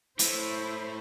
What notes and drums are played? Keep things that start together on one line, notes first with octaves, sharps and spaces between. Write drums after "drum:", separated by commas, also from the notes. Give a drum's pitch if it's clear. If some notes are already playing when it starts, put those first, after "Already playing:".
A2 E4 C5, drum: hi-hat